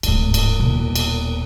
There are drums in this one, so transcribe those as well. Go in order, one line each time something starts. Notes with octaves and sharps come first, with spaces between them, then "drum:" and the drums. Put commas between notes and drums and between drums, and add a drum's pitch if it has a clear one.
D1 G#2, drum: cymbal
drum: cymbal
D#1 B2
drum: cymbal